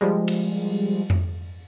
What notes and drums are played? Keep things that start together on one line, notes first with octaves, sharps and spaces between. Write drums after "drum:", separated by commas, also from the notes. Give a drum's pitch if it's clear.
F3 G3 G#3
drum: cymbal
drum: tom F2